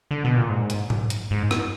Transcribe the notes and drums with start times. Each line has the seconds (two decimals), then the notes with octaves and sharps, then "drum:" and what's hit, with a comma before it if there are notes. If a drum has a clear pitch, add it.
0.11 D3
0.24 B2
0.36 A#2
0.50 G#2
0.70 drum: hi-hat
0.90 drum: tom G#2
1.10 drum: hi-hat
1.31 G#2
1.51 drum: rim click